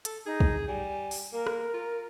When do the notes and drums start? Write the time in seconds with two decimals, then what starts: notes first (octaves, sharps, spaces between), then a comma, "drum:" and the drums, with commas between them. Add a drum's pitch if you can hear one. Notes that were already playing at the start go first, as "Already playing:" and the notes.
0.05 A4, drum: hi-hat
0.26 D#4 G#4
0.40 drum: kick
0.68 G3 G#5
1.11 drum: open hi-hat
1.33 A#3 A#4
1.47 drum: rim click
1.74 F4